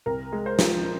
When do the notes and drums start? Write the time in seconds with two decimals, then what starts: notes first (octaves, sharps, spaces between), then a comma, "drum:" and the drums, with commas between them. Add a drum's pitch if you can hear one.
0.06 C2 A#4
0.32 G#3
0.46 C5
0.59 F3, drum: snare